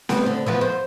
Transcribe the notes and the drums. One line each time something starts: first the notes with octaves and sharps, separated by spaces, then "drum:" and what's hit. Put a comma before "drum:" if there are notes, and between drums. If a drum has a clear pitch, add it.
G3 B3 C4, drum: snare C4
D3
E3 F3 B3
C5